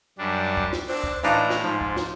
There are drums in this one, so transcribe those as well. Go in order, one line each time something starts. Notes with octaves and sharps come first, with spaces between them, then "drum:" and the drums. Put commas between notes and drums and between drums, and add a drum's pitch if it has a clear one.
F#2 G3 D4
drum: kick
drum: snare
D4 C5
drum: kick
A2 E3 D4 D#4 F5 A#5
drum: snare
G#2 F3 D#4
drum: kick
drum: snare